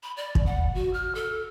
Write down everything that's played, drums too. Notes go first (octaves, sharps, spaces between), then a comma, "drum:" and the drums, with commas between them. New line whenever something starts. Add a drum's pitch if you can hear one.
B5
D5
drum: kick
F#5
F#4
F6
A4